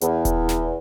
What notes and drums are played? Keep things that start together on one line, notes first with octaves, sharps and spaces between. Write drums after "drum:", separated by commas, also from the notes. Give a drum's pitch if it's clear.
E2, drum: hi-hat
drum: kick D#1, hi-hat
drum: snare